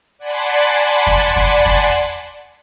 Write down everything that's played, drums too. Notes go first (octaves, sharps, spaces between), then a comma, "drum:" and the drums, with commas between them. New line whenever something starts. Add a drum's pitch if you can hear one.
D5 F#5 G#5 A5 B5 C6
drum: kick E2
drum: kick E2
drum: kick E2